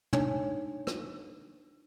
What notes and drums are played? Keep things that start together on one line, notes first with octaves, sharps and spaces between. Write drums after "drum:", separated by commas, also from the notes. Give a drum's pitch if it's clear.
D4 D#4 C#5, drum: tom
drum: rim click